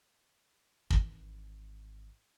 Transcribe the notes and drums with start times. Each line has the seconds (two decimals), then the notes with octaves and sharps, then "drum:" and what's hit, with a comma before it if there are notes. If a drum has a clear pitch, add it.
0.90 G#1 E3, drum: kick